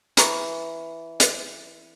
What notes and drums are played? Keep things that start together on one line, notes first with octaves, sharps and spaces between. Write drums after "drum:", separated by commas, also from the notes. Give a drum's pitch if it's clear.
E3 A#5 C#6, drum: hi-hat
drum: hi-hat